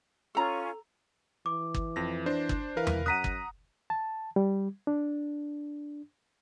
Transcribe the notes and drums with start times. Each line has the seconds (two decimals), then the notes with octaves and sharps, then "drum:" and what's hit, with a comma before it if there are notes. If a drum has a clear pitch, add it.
0.35 C#4 F4 A4 A#5 C#6
1.46 E3 D6
1.74 drum: kick G1
1.96 F2 A#6
2.26 D4 C5
2.49 drum: kick G1
2.77 E3 A#4 B4 F5
2.87 drum: tom E2
3.06 F#2 F#5 A#5 D#6 F#6 B6 D#7
3.24 drum: kick G1
3.90 A5
4.36 G3
4.87 D4